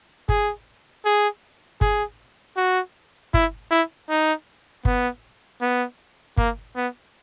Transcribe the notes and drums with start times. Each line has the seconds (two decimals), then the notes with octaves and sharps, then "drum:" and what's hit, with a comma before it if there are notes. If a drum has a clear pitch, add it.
0.29 G#4, drum: kick G1
1.05 G#4
1.81 G#4, drum: kick G1
2.57 F#4
3.34 E4, drum: kick G1
3.71 E4
4.10 D#4
4.85 B3, drum: kick G1
5.61 B3
6.37 A#3, drum: kick G1
6.76 B3